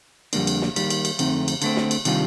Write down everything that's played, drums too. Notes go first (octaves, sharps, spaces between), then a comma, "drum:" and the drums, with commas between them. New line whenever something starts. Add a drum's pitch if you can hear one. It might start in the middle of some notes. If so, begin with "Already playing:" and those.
F2 D3 G3 A#3 D4, drum: cymbal
drum: cymbal
drum: snare
D#3 G3 A#3, drum: cymbal
drum: cymbal
drum: cymbal
F2 D3 A3 C4 D#4, drum: cymbal
drum: cymbal
D3 A3 C4, drum: cymbal
drum: snare
drum: cymbal
C3 D#3 G3 D4 F4, drum: cymbal